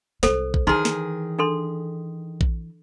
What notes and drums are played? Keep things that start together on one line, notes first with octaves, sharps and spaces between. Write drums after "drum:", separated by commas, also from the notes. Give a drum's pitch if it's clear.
C2 G#3 A4 C5, drum: snare
drum: kick A#1
D#3 E3 D#4 G#4 C6
drum: snare
D4 A4 C6
drum: kick A#1